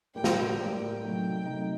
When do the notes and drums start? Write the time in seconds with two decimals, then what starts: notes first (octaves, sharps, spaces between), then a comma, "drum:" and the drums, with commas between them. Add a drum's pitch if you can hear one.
0.15 A2 G3 A#3 G5
0.24 drum: snare
0.58 A2 G3 A#3 G5
1.02 C3 F#3 A3 D#4
1.45 C3 F#3 A3 D#4